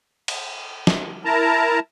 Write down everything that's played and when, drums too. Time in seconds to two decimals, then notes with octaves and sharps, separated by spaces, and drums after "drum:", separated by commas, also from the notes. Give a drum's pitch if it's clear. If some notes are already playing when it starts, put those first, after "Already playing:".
0.28 drum: cymbal
0.87 drum: snare
1.25 E4 A#4 A5 A#5